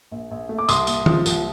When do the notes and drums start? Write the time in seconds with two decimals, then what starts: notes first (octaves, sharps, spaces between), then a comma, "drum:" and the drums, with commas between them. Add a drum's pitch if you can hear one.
0.12 A#1
0.31 A#1
0.49 A3
0.58 D6
0.69 C2 C6 D#6, drum: tambourine
0.87 A#2, drum: tambourine
1.06 F3, drum: tom D#3
1.26 C2, drum: tambourine